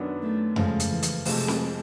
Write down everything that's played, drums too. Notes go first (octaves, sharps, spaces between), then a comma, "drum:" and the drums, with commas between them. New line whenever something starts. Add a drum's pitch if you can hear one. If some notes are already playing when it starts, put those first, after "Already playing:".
Already playing: F#2 D#3 F#3 B3 D4
A3
C#3 F3 G#3 A3, drum: tom F2
drum: hi-hat
E3
drum: hi-hat
F2 C3 F3 G#3 A3, drum: open hi-hat
drum: snare C4